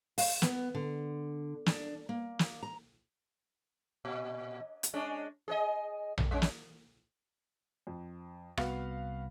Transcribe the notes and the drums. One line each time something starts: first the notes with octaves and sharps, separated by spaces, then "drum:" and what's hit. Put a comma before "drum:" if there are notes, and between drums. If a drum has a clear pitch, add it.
F5, drum: open hi-hat
B3, drum: snare
D3
D4, drum: snare
A#3
drum: snare
A#5
A#2
drum: hi-hat
G#3 C#4 D4
G#4 B4 D#5
drum: tom A#1
G3 C#4
drum: snare
F2
C2 B3 F#4 F5, drum: rim click